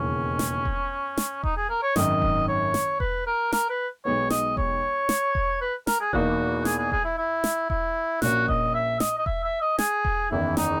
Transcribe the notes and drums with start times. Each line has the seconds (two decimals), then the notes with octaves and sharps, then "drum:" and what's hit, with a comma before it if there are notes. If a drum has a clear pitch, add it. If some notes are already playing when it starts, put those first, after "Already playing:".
Already playing: E1 D#2 C#3 E3 A#3 C#4
0.39 drum: snare
0.65 drum: kick E1
1.18 drum: snare
1.44 D#4, drum: kick E1
1.57 G#4
1.70 A#4
1.83 C#5
1.96 G#1 F#2 D#3 D#5, drum: snare
2.22 drum: kick E1
2.48 C#5
2.74 drum: snare
3.00 B4, drum: kick E1
3.26 A#4
3.53 A#4, drum: snare
3.70 B4
4.05 B1 B2 G#3 B3 D#4 C#5
4.30 D#5, drum: snare
4.57 C#5, drum: kick E1
5.09 drum: snare
5.35 drum: kick E1
5.61 B4
5.87 A#4, drum: snare
6.00 G#4
6.13 E2 B2 A#3 D#4 F#4, drum: kick E1
6.65 G#4, drum: snare
6.79 G#4
6.92 G#4, drum: kick E1
7.04 E4
7.17 E4
7.44 drum: snare
7.70 E4, drum: kick E1
8.22 A#1 A#2 A#3 C#4 F#4, drum: snare
8.48 D#5, drum: kick E1
8.74 E5
9.00 D#5, drum: snare
9.18 D#5
9.26 E5, drum: kick E1
9.44 E5
9.61 D#5
9.79 G#4, drum: snare
10.05 drum: kick E1
10.31 F#1 E2 D#3 E4
10.57 D#4, drum: snare